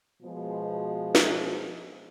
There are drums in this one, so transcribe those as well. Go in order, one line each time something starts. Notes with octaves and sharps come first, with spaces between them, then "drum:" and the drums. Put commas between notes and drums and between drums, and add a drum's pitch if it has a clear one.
B2 F3 G#3
drum: snare